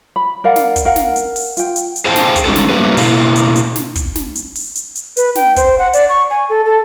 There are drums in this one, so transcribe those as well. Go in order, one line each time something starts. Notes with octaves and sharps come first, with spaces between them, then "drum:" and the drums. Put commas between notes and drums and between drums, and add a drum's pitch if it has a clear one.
B5
A#4 D5 F5 F#5
drum: snare
drum: kick, hi-hat
A#4 F5 F#5
drum: snare
drum: hi-hat
drum: open hi-hat
F4 G5, drum: hi-hat
drum: hi-hat
drum: hi-hat
G#4 C5 F5 G5 A5
drum: snare
drum: kick, hi-hat
G3 G#3 C#4 D#4 F#4 A4
drum: snare
F#3 G3 A3 A#3 D4 B4
B2 A#3 E4 A4 F5, drum: open hi-hat
drum: hi-hat
drum: hi-hat
drum: snare
drum: kick, hi-hat
drum: snare
drum: hi-hat
drum: open hi-hat
drum: hi-hat
drum: hi-hat
B4, drum: hi-hat
G5, drum: snare
C5, drum: kick, hi-hat
F#5
D5, drum: hi-hat
C#6
G#5
A4
A4